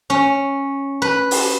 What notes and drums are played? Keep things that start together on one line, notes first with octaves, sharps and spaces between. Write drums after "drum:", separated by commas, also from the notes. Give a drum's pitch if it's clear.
C#4
B4
drum: open hi-hat